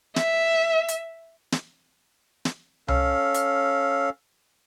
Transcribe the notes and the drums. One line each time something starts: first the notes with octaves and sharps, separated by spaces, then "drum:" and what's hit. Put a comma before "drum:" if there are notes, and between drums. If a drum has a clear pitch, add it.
E5, drum: snare
drum: hi-hat
drum: snare
drum: snare
C#4 A4 F5, drum: tom C2
drum: hi-hat